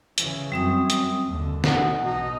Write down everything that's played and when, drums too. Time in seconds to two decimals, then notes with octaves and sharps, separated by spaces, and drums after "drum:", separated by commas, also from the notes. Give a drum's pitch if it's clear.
0.18 C#3 E3, drum: hi-hat
0.52 F#2 G3 C4 D#6
0.90 drum: hi-hat
1.27 D#2 D3
1.64 E3 D#4 F#4 F#5, drum: snare
2.00 B2 D#4